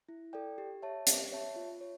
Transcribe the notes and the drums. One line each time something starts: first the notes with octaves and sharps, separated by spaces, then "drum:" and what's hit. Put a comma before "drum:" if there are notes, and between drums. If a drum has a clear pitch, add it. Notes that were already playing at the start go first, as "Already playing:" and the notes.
E4
A4 D5 G5
G4
C#5 E5 A5
G4, drum: hi-hat
C#5 E5 A5
F4
C#5